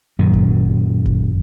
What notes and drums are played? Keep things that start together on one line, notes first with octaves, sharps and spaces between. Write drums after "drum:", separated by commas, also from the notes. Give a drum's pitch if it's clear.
F#2 A#2 D#3
drum: kick F#1
drum: kick F#1